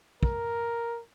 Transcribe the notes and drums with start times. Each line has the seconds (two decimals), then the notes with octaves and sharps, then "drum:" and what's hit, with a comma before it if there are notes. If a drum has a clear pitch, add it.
0.23 A#4, drum: kick